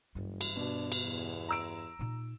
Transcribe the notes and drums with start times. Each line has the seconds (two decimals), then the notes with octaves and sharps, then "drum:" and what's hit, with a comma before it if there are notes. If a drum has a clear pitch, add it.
0.15 F#1 G2 E3
0.41 drum: cymbal
0.56 B2 D4
0.92 drum: cymbal
1.05 E2
1.49 A#5 E6 D7
1.99 A#2 D#4